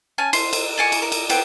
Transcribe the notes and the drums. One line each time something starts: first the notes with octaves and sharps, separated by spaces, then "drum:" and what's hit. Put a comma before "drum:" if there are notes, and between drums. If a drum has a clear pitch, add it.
C#4 G#5 A5
C5, drum: cymbal
drum: cymbal
D5 G#5 C#6
drum: cymbal
A#4
drum: cymbal
B3 C4 G4, drum: cymbal